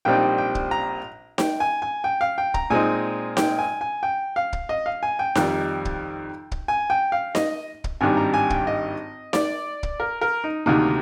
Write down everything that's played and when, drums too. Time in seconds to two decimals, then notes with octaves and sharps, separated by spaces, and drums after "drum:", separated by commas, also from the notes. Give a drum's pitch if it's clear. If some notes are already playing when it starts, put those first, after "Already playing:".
0.05 A#1 A#2 G3 C4 D#4 G5
0.38 G5
0.55 drum: kick
0.71 A#5
1.38 G5, drum: snare D#4
1.60 G#5
1.82 G#5
2.04 G5
2.21 F5
2.38 G5
2.54 A#5, drum: kick
2.70 A#2 G#3 C4 D#4 G#5
3.37 G5, drum: snare D#4
3.59 G#5
3.81 G#5
4.03 G5
4.36 F5
4.53 drum: kick
4.69 D#5
4.86 F5
5.03 G#5
5.19 G5
5.35 F2 D#3 G3, drum: snare D#4
5.85 drum: kick
6.52 drum: kick
6.68 G#5
6.90 G5
7.12 F5
7.35 D#5, drum: snare D#4
7.84 drum: kick
8.01 G#1 G2 D#3 G3 G#5
8.17 A#5
8.34 G#5
8.50 G5, drum: kick
8.67 D#5
9.33 D5, drum: snare D#4
9.83 drum: kick
10.00 A#4
10.21 A#4
10.44 D#4
10.66 D2 C3 D#3 A#3 D#4